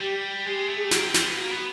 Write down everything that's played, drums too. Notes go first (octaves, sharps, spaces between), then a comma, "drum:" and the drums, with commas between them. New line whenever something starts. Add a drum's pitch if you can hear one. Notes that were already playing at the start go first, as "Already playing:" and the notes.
G3 G4
G#3 G4
A3
G#4
G4
A#3 F#4, drum: snare
C4
C4, drum: snare
B3
A#3 F#4
B3